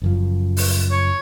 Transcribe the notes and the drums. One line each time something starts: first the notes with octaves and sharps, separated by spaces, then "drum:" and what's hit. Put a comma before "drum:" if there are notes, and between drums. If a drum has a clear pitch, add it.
F#1 F#2 F3
drum: open hi-hat
C#5